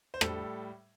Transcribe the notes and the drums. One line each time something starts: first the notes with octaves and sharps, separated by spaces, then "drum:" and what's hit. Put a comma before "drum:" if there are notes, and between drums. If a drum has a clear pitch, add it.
C5
A2 G3 A4, drum: rim click